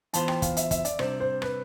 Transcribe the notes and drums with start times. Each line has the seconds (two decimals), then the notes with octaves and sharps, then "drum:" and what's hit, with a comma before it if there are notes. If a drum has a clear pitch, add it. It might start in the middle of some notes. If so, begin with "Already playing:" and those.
0.14 E3 B3 F4 C5 A5, drum: hi-hat
0.28 G5, drum: rim click
0.42 F5, drum: kick, hi-hat
0.57 E5, drum: hi-hat
0.71 E5, drum: kick, hi-hat
0.85 D5, drum: hi-hat
0.99 C3 G3 D4 C5, drum: rim click
1.20 C5
1.42 B4, drum: rim click